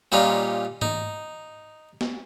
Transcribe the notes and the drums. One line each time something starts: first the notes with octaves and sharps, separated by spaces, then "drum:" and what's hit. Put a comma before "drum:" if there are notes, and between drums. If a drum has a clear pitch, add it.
A#2 G3 C#4 D#4 F4
D#4, drum: tom G#2
drum: snare